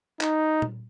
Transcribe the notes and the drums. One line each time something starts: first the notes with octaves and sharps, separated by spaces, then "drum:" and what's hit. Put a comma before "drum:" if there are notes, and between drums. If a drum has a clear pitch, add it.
D#4, drum: clap
drum: tom A#2